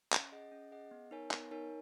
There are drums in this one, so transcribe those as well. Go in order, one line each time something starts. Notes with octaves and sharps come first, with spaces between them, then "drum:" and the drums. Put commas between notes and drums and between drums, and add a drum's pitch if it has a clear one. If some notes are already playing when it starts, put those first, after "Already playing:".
C#4, drum: clap
G#4 D#5 F#5
C#4
G#4 D#5 F#5
B3
D#4 A#4 C#5 G#5
B3, drum: clap
D#4 A#4 C#5 G#5